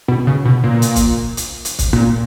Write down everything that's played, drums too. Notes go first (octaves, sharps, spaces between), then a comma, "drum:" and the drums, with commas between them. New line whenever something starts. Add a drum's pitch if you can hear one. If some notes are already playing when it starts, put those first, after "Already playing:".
B2
C#3
B2
A#2
drum: hi-hat
drum: kick, hi-hat
drum: hi-hat
drum: hi-hat
drum: kick, hi-hat
A#2